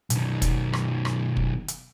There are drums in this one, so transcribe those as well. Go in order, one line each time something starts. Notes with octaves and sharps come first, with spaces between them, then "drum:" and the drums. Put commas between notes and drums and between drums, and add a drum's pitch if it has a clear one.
B1 D#3, drum: hi-hat
drum: kick, hi-hat
drum: rim click
drum: rim click
drum: kick
drum: hi-hat